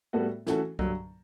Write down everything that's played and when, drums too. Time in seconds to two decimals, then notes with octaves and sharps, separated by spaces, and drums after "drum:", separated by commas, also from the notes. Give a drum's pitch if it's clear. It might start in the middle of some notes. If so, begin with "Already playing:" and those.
0.13 A2 G3 B3 F#4 A4
0.47 E3 A3 C#4 F#4 A4, drum: snare
0.79 G2 D3 F#3, drum: kick C2